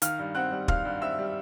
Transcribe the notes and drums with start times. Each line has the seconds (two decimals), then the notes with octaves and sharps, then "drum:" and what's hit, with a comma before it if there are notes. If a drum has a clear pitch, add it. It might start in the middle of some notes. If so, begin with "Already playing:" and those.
0.02 D#3 F5 F6, drum: hi-hat
0.19 G2
0.35 C4 F#5 F#6
0.51 G3
0.68 D#3 F5 F6, drum: kick
0.85 G2
1.01 C4 E5 E6
1.19 G3